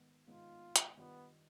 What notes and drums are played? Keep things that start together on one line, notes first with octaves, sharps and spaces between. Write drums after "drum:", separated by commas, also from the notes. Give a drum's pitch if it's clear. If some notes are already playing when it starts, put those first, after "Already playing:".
Already playing: G#2 D#3 B3
G#2 D#3 B3 D#4 F4
drum: hi-hat
D#3 G3 B3 D4 F4 B4